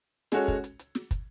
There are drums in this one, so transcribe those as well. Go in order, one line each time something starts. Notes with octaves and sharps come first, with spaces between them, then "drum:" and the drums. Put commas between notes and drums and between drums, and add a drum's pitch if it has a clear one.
G#3 C#4 F#4 A4 C#5, drum: snare
drum: kick, hi-hat
drum: hi-hat
drum: hi-hat
drum: snare
drum: kick, hi-hat